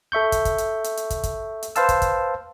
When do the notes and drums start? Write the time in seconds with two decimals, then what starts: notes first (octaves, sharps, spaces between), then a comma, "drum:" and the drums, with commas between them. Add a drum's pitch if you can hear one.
0.12 A4 E5 C#6 G6
0.32 drum: kick, hi-hat
0.45 drum: kick, hi-hat
0.58 drum: hi-hat
0.84 drum: hi-hat
0.97 drum: hi-hat
1.10 drum: kick, hi-hat
1.23 drum: kick, hi-hat
1.63 drum: hi-hat
1.76 B4 C5 F5 A5 E6, drum: hi-hat
1.89 drum: kick, hi-hat
2.02 drum: kick, hi-hat